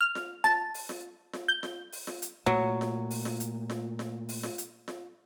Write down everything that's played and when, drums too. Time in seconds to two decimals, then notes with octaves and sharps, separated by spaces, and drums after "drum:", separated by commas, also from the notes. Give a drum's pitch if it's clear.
0.01 F6
0.15 drum: snare F4
0.44 A5, drum: snare F4
0.74 drum: open hi-hat
0.89 drum: snare F4
1.33 drum: snare F4
1.48 G6
1.63 drum: snare F4
1.92 drum: open hi-hat
2.07 drum: snare F4
2.22 drum: hi-hat
2.46 A#2 F#3 A3
2.81 drum: snare F4
3.11 drum: open hi-hat
3.25 drum: snare F4
3.40 drum: hi-hat
3.70 drum: snare F4
3.99 drum: snare F4
4.29 drum: open hi-hat
4.43 drum: snare F4
4.58 drum: hi-hat
4.88 drum: snare F4